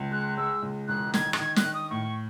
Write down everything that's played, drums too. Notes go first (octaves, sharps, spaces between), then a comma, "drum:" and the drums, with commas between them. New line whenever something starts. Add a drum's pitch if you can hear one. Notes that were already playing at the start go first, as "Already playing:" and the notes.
Already playing: C#2
G#3 F#6
G#3 E6
C#2
E1 F#6
D#3 G#6, drum: snare
F#6, drum: rim click
D#3 G#6
F#6, drum: snare
D#3
D#6
A2 C#6